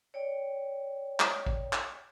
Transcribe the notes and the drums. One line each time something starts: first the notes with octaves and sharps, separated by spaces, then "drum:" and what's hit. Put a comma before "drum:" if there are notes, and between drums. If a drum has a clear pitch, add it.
C#5 D5 G5
drum: clap
drum: kick
drum: clap